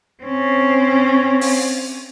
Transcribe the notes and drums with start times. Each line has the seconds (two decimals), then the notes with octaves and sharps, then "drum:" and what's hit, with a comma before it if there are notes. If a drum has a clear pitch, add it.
0.23 C4 C#4
1.41 drum: open hi-hat